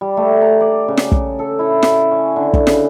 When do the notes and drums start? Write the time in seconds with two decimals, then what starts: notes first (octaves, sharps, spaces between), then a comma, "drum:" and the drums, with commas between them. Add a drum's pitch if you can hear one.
0.01 G3
0.17 A3
0.42 A#5
0.60 D5
0.88 C#3
0.97 drum: snare
1.12 drum: kick
1.39 A4
1.59 E4
1.83 drum: snare
2.11 C#4
2.36 D3
2.53 drum: kick
2.67 C#3, drum: snare